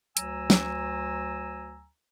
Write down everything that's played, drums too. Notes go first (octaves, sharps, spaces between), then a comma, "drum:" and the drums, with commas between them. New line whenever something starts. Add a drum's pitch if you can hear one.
D2 F#3 G#5 A#5 E6, drum: hi-hat
drum: snare